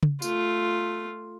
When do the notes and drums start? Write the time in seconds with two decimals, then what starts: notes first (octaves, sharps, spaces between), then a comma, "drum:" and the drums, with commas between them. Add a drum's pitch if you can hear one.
0.03 drum: tom C#3
0.22 A3 F4, drum: tambourine